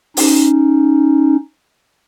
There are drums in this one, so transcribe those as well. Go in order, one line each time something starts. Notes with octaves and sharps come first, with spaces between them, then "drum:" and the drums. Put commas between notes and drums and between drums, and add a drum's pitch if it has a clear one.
C#4 D#4, drum: open hi-hat